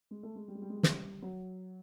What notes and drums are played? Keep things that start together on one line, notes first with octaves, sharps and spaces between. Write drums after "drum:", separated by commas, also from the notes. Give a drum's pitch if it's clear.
G#3
A3
G#3
G3
G#3
G3
G#3
G3
G#3, drum: snare
G3
F#3